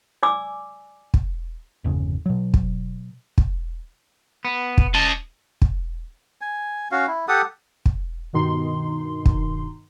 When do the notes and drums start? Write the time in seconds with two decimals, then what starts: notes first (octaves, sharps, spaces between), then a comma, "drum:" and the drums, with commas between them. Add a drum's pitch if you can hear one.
0.23 D5 G#5 D6 E6
1.14 drum: kick
1.84 G1 E2 C#3
2.26 B2 F#3
2.54 drum: kick
3.38 drum: kick
4.45 B3
4.78 drum: kick
4.95 C#4 D#5 A5
5.62 drum: kick
6.41 G#5
6.92 C#4 F#4 F5
7.07 E4
7.28 G4 A4 F#5 D#6
7.86 drum: kick
8.33 G2 B2 D#3 D#4 C6
9.26 drum: kick